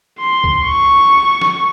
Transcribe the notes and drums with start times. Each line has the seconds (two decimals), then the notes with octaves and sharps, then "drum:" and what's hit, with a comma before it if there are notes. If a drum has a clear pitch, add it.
0.19 C6
0.44 drum: kick C#2
0.66 C#6
1.41 drum: snare